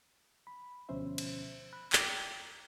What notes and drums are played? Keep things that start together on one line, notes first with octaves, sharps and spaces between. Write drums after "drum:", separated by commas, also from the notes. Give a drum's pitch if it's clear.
B5
D2 B2 F3 C#4 C5 E5
drum: cymbal
B5 F#6
G5 A#5 D6, drum: clap